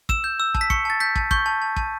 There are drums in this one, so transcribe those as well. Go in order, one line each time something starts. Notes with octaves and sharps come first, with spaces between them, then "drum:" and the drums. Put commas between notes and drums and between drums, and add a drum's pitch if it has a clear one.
E6 E7, drum: kick
G6
E6
A5, drum: kick
B6
C#6 C#7, drum: kick
A5 A6
G6 B6
A5, drum: kick
C#6 G6, drum: kick
A5
A5
A5, drum: kick